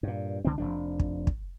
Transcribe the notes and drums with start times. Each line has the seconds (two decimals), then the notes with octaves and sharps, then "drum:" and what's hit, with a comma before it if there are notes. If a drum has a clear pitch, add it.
0.03 G2 A#2
0.45 C#2 D3 C4
0.58 F1 F3 D4
1.00 drum: kick
1.27 drum: kick